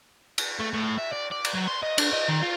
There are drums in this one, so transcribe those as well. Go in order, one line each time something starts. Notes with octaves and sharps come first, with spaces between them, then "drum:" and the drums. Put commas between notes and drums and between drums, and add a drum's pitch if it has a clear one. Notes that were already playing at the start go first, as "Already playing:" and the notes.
drum: cymbal
A3
A2
E5
D5
D5
drum: cymbal
F#3
C6
D#5
D4, drum: cymbal
D#5
D#3
F4